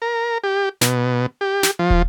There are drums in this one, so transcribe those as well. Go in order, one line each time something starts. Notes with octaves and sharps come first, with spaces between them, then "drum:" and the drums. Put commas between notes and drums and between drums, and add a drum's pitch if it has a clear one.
A#4
G4
B2, drum: snare
G4
drum: snare
F3
drum: kick